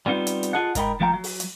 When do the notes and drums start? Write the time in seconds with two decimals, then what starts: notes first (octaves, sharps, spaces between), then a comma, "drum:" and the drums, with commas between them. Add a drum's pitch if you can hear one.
0.06 G3 B3 C4 D#4 F4
0.27 drum: hi-hat
0.43 drum: hi-hat
0.53 F4 G#4 A4 D#5 F#5
0.75 G#2 A#4 D#5 G5 B5, drum: kick, hi-hat
1.00 F2 F3 A3 F5 G5 A#5
1.14 F#3
1.24 drum: open hi-hat
1.40 drum: hi-hat